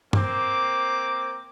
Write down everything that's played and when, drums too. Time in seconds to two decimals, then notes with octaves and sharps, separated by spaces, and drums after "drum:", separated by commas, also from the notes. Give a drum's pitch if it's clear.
0.13 A#3 C4 D6, drum: tom G2